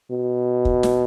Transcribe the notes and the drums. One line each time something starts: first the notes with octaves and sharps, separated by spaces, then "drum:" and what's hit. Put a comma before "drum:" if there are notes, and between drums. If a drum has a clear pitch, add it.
B2
drum: kick
drum: snare